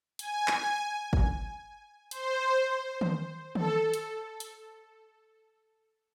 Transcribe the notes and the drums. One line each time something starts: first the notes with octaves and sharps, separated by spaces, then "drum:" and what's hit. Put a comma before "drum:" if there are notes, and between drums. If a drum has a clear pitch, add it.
G#5, drum: hi-hat
drum: clap
drum: kick
C5, drum: hi-hat
drum: tom D#3
A4, drum: tom D#3
drum: hi-hat
drum: hi-hat